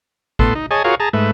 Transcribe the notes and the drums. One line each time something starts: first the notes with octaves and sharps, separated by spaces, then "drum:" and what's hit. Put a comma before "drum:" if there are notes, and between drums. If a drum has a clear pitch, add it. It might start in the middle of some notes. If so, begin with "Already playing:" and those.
A2 B3 A4 C6, drum: kick
D#4
G#4 C#5 D#5 G#5 A5
F4 F#4 G#4 A#4 C#5 F5
G#4 A5 A#5
G#2 A3 B4 E5